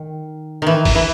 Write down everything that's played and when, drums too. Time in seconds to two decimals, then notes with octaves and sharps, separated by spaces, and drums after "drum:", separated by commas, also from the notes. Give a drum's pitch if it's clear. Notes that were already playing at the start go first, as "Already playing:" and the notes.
Already playing: D#3
0.62 D#3 E3
0.85 drum: kick, open hi-hat
0.95 E3